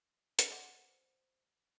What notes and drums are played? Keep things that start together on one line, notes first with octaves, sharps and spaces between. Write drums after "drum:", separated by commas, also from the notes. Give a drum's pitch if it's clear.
drum: hi-hat
C5 D5 F#5